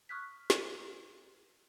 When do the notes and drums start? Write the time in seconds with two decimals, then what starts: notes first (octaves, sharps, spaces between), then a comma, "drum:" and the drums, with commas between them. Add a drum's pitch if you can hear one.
0.09 C#6 D#6 F6 F#6 G#6 B6
0.50 drum: snare